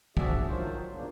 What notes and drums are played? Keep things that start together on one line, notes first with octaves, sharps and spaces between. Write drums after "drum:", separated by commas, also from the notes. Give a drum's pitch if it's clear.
F3 D4 F#4 G#4 D5 E5, drum: kick
D#3 F3 F#3 F4 C5
E2 A#2 C#3 A#3 D4